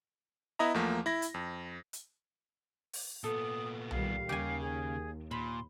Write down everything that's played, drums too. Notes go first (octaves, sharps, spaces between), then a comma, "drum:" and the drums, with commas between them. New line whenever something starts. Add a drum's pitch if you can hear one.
B3 E4 D#5 E5 A#5
E2 F3 A3 A#3
E4 A#6
drum: hi-hat
F2
drum: hi-hat
drum: open hi-hat
A#2 B3 A4 D#6
A#1 D#3 G3 F5, drum: tom B1
D#2 C#3 G4 G#5
G#4
A#2 B5 C6